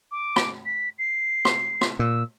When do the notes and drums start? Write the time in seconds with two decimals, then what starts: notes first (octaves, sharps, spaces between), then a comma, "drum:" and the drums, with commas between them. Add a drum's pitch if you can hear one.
0.11 D6
0.36 drum: rim click
0.65 B6
0.98 C7
1.45 drum: rim click
1.81 drum: rim click
1.99 A#2 E6